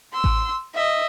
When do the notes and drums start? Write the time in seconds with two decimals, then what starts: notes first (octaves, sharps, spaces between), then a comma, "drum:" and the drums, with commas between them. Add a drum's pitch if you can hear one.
0.13 C6 E6
0.24 drum: kick A1
0.75 D#5 E5